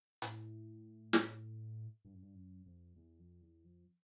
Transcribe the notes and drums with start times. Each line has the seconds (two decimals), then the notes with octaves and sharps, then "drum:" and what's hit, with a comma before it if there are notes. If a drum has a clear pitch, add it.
0.22 A2, drum: hi-hat
1.13 drum: snare
2.05 G2
2.14 F#2
2.22 G2
2.34 F#2
2.66 F2
2.96 E2
3.19 F2
3.41 E2
3.64 F2